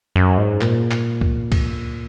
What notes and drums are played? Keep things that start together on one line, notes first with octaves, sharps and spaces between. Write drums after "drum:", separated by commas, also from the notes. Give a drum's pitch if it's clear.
F#2
G#2
A#2, drum: clap
drum: clap
drum: kick
drum: kick, cymbal